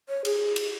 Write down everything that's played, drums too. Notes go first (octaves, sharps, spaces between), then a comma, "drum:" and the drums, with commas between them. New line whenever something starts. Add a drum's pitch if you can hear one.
C#5
G#4, drum: cymbal
drum: cymbal